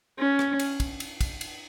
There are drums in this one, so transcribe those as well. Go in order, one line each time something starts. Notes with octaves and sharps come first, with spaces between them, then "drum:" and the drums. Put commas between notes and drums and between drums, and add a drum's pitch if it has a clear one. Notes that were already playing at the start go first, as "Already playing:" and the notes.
C#4
drum: rim click
drum: cymbal
drum: kick, cymbal
drum: cymbal
drum: kick, cymbal
drum: cymbal